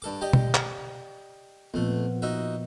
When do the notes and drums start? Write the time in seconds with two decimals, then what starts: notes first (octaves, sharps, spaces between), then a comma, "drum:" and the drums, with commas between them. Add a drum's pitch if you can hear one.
0.02 G2 A4 D6
0.21 G4 D5 D#5
0.33 drum: tom B2
0.55 drum: clap
1.74 F2 A#2 F3 A3 B3
2.22 D#4 F#4 E5